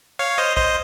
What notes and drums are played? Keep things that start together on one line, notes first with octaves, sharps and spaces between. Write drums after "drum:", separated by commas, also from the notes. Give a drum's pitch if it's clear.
C#5 F5
C5 D#5
C5 D#5, drum: kick